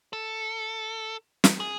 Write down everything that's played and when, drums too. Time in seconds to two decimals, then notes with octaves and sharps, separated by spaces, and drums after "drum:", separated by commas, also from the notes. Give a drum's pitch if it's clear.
0.13 A4
1.44 drum: snare
1.60 G#4